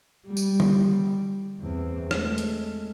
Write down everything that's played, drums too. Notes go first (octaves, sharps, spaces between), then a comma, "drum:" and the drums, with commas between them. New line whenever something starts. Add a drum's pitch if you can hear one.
G3
drum: tambourine
drum: tom D3
E2 C4
G#3 A3, drum: rim click
drum: hi-hat